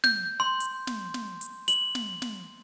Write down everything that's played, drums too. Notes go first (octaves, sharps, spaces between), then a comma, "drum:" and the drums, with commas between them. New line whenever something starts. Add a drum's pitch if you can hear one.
G6, drum: snare
C6
drum: hi-hat
drum: snare
drum: snare
drum: hi-hat
F#7, drum: hi-hat
drum: snare
drum: snare